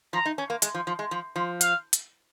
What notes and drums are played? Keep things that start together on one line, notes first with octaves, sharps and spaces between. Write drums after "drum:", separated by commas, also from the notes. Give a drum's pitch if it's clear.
F3 A#5
D#4
C#4
A#3
G#3, drum: hi-hat
F3
F3
G#3
F3
F3
F5, drum: hi-hat
drum: hi-hat